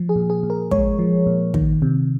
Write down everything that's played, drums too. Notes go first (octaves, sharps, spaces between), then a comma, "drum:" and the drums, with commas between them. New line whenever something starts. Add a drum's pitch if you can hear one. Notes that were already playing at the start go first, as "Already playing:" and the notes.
Already playing: F3
G#4
A#2
G#4
A#2
A#4
G#3 C#5, drum: kick
F3
A#2
D#3, drum: kick
C3